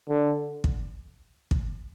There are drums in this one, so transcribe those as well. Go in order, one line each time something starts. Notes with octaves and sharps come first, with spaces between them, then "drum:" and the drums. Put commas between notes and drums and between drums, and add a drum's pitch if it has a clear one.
D3
drum: kick
drum: kick